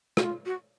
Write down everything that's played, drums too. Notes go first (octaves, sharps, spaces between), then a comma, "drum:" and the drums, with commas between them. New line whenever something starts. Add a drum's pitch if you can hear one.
F#4, drum: rim click
F4
F#4